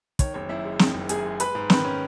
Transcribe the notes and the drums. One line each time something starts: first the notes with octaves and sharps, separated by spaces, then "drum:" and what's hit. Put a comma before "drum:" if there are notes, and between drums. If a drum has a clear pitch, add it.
D#3 C#5, drum: kick, hi-hat
F#1 C#5
F#2 E4 E5
G#3
D#3, drum: snare
F#1
F#2 G#4 G#5, drum: hi-hat
G#3
G#3 B4 B5, drum: hi-hat
G#2
D#3 B4 B5, drum: snare
C#4